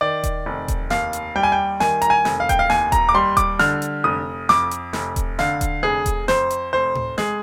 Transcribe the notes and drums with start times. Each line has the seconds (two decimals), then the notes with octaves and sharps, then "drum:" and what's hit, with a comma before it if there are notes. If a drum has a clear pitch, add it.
0.01 D#3 D5
0.24 drum: kick D#1, hi-hat
0.46 F1
0.68 drum: kick D#1, hi-hat
0.90 D#2 F5, drum: snare
1.13 drum: hi-hat
1.35 G3 G5
1.43 G#5
1.52 G5
1.80 D#3 G#5, drum: snare
2.02 A#5, drum: hi-hat
2.10 G#5
2.25 F1, drum: snare
2.40 F5
2.49 G5, drum: kick D#1, hi-hat
2.59 F5
2.70 D#2 G#5, drum: snare
2.92 A#5, drum: kick D#1, hi-hat
3.09 D6
3.14 G3 C6
3.37 D6, drum: kick D#1, hi-hat
3.59 D3 F6, drum: snare
3.82 drum: hi-hat
4.04 F1 D#6
4.49 F2 D6, drum: snare
4.71 drum: hi-hat
4.93 F1, drum: snare
5.16 drum: kick D#1, hi-hat
5.39 D3 F5, drum: snare
5.61 drum: kick D#1, hi-hat
5.83 F1 G#4
6.06 drum: kick D#1, hi-hat
6.28 F2 C5, drum: snare
6.50 drum: hi-hat
6.73 F1 C5
6.95 drum: tom A2
7.18 G#3 G#4, drum: snare